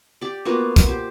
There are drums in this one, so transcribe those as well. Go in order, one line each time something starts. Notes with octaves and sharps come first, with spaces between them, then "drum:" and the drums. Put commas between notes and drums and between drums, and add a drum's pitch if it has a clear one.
G4 D5
A#3 B3 F4 F#4
drum: kick, hi-hat
G4 C5